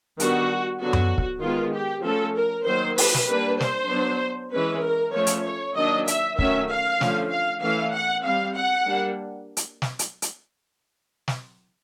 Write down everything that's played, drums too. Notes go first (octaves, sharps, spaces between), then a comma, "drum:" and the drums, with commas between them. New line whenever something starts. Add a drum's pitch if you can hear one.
D#3 G3 B3 D4 F#4, drum: hi-hat
D3 F#3 B3 F#4
drum: tom F#2
drum: kick
D#3 G#3 B3 F4
G4
F3 A3 C#4 A4
A#4
D#3 F#3 A#3 C5
B4, drum: open hi-hat
drum: snare
G3 A#3 D4 B4
C5, drum: snare
F#3 B3 D4
E3 G#3 C#4 B4
A#4
F3 A3 C#4 C#5
drum: hi-hat
C#5
D#3 F#3 A#3 D4 D#5
E5, drum: hi-hat
D#3 F#3 A3 C#4 E5, drum: kick
F5
D3 F3 A3 C#4, drum: snare
F5
E3 A3 C#4 F5
F#5
G3 C4 F5
F#5
G3 A#3 D4
drum: hi-hat
drum: snare
drum: hi-hat
drum: hi-hat
drum: snare